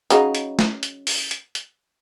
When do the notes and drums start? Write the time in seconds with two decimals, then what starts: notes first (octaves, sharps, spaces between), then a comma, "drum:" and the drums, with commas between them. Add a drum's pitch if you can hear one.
0.10 C#3 F#3 D#4, drum: hi-hat
0.35 drum: hi-hat
0.59 drum: snare
0.83 drum: hi-hat
1.07 drum: open hi-hat
1.31 drum: hi-hat
1.55 drum: hi-hat